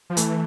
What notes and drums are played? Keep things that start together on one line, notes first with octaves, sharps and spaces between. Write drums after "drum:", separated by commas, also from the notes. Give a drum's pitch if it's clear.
F3
E3 A3, drum: hi-hat